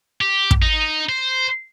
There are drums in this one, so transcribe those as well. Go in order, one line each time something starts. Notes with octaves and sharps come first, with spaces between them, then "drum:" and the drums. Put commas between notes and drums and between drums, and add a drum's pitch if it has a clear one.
G4
drum: kick
D#4
C5